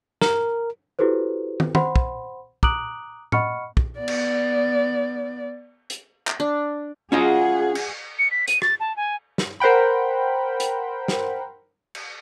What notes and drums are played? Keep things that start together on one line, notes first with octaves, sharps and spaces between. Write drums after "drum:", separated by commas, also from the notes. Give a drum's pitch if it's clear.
A#4, drum: snare
E4 F#4 G4 A4 B4 C5
drum: tom
C5 F#5 B5 C6, drum: tom
drum: kick
A#5 D6 D#6 F#6 D7 F#7, drum: kick
D#5 F#5 B5 C#6 F6 C#7, drum: tom A2
drum: kick
B3 D5
drum: cymbal
drum: hi-hat
drum: clap
D4
C#4 F4 F#4 G#4 D#5 F#5
drum: cymbal
C#7
B6
D#7, drum: hi-hat
A6, drum: rim click
A5
G#5
drum: snare
A#4 C5 F#5 G5 B5
drum: hi-hat
drum: snare
drum: cymbal